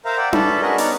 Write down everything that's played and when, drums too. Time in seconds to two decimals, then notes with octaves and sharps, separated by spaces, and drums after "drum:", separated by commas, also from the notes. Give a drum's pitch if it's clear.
0.05 A#4 C5 E5 F5 A#5
0.18 D5 E5 F#5 G5
0.33 C#4 A4 B4 D5 E5, drum: tom D4
0.61 D4 F#4 G#4 A#4 B4 D#5
0.78 B3 C#4 D#4 C#5 D5 A#5, drum: open hi-hat